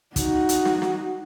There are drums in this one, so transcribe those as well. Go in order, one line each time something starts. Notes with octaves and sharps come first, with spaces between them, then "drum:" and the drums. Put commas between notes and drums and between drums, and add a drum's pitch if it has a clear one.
D#4 F#4, drum: kick, hi-hat
drum: hi-hat
drum: snare
drum: snare